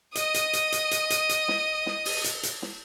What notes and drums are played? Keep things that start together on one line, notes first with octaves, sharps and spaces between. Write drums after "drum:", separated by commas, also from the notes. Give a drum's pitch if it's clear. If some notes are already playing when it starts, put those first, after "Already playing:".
D#5 D#6, drum: hi-hat
drum: hi-hat
drum: hi-hat
drum: hi-hat
drum: hi-hat
drum: hi-hat
drum: hi-hat
drum: snare
drum: snare
drum: open hi-hat
drum: hi-hat
drum: hi-hat
drum: snare